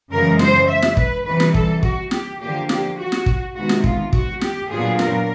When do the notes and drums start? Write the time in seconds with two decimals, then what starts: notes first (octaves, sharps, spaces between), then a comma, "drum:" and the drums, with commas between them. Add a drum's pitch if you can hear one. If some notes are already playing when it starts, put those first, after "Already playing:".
0.11 F#2 C#3 E3 G#3 A#4
0.39 C5, drum: snare
0.68 E5
0.82 drum: snare
0.97 B4, drum: kick
1.25 C3 E3 G3 B4
1.40 drum: snare
1.54 A4, drum: kick
1.83 F#4, drum: kick
2.11 G4, drum: snare
2.40 D3 F3 A#3 G4
2.69 G4, drum: snare
2.98 F#4
3.12 drum: snare
3.26 drum: kick
3.54 C3 D#3 G#3 B3 F#4
3.69 drum: snare
3.84 F4, drum: kick
4.13 F#4, drum: kick
4.41 G4, drum: snare
4.69 A#2 F#3 B3 D4 F4 G#4
4.99 A#4, drum: snare